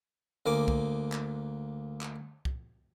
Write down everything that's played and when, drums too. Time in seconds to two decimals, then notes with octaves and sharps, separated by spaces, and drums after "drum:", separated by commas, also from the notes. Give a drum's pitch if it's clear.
0.46 D2 A#3 G#5 D6
0.68 drum: kick C2
1.12 drum: clap
2.01 drum: clap
2.45 drum: kick C2